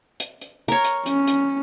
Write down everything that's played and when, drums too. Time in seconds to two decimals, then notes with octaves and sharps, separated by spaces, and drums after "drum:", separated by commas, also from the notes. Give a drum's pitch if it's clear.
0.20 drum: hi-hat
0.41 drum: hi-hat
0.68 A#4 C#5
0.85 drum: hi-hat
1.06 C#4, drum: hi-hat
1.28 drum: hi-hat